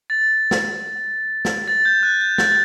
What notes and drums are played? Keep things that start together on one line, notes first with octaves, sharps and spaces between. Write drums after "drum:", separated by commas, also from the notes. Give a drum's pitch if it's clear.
A6
drum: snare
drum: snare
A6
G6
F#6
G6
A6, drum: snare